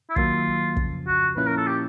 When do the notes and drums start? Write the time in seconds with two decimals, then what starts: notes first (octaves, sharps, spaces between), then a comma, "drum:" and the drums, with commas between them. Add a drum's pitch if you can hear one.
0.10 E4
0.16 D#3 F#3 A#3 F4, drum: kick
0.77 F2 C#3 F3, drum: kick
1.07 F#4
1.36 A#2 F3 A#3 C#4 E4 B4
1.47 A#4
1.57 A4
1.67 G4